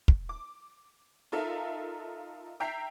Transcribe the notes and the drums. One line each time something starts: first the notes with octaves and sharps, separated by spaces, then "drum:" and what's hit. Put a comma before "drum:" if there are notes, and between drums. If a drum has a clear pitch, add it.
drum: kick
D6
D#4 F4 A4 A#4 E5 F5
E5 G5 A#5 G6 B6 C7